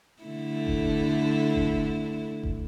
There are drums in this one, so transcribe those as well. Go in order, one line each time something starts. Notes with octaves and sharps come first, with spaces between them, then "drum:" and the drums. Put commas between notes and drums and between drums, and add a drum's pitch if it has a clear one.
D3 A3 E4
drum: kick F1
drum: kick F1
drum: kick F1